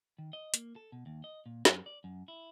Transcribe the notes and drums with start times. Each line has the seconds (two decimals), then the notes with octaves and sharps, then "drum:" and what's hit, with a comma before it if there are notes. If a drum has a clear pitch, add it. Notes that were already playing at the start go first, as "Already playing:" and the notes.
0.18 D#3
0.33 D#5
0.54 A#3, drum: hi-hat
0.76 A4
0.92 B2
1.06 D#2
1.24 D#5
1.46 A#2
1.65 F#2, drum: snare
1.86 D5
2.04 F#2
2.28 E4